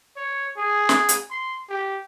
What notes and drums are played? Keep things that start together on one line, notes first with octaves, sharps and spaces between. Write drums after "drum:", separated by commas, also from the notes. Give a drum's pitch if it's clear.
C#5
G#4
drum: snare
drum: hi-hat
C6
G4